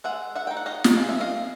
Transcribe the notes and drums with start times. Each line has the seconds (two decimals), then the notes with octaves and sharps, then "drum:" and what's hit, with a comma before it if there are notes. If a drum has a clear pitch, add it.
0.04 G#3 E5 F#5
0.35 E5 F#5
0.47 D#4 G5
0.57 F#5
0.66 D#5 F5
0.84 drum: snare
0.97 G#3 F5
1.09 E5
1.20 D#5 F5